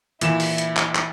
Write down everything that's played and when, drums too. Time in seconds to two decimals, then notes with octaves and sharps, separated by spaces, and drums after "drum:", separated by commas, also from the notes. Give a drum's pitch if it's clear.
0.21 A#2 E3 E4 E7, drum: hi-hat
0.40 drum: open hi-hat
0.58 drum: hi-hat
0.77 drum: clap
0.95 drum: clap